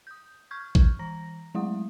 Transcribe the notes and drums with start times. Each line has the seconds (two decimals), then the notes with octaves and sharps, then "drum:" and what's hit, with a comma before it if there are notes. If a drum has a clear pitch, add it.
0.07 D#6 G6
0.51 C#6 F6 G6 G#6
0.75 drum: kick A1
0.99 E3 A#5 A#6
1.55 F#3 G#3 A3 E4 F#5 D#6